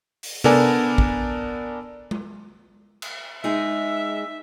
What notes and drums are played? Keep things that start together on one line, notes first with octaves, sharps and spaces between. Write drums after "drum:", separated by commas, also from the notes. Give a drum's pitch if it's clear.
drum: open hi-hat
B3 D4 A4 A#4 D5 G#5, drum: tom C3
drum: kick A1
drum: tom G#3
drum: cymbal
G#3 D#4 G#4 E5